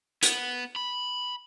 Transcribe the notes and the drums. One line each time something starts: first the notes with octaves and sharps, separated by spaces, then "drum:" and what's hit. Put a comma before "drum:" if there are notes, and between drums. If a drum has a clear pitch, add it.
B3, drum: hi-hat
B5